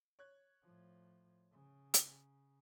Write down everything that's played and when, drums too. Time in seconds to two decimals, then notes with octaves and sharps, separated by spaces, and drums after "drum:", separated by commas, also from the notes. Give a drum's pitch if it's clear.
0.19 C#5 F#6 G#6
0.63 A2 F3
1.52 C#3
1.94 drum: hi-hat